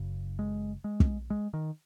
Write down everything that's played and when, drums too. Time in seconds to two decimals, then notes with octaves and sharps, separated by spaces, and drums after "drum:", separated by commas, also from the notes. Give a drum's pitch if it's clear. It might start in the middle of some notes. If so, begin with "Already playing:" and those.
Already playing: F#1 F#2 C#3
0.39 G#3
0.84 G#3
1.00 drum: kick
1.30 G#3
1.54 D#3